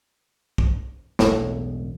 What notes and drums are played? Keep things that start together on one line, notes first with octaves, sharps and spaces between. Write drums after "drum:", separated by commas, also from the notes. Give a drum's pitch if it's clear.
drum: kick
E1 B1 A2 G#3, drum: snare